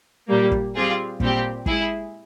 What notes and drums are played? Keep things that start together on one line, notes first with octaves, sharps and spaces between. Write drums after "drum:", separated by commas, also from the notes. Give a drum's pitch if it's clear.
A#2 G3 A#3
drum: kick
G3 C4 F4 G#4
A#2 G3 C4 G4, drum: kick
G#3 E4 G#4, drum: kick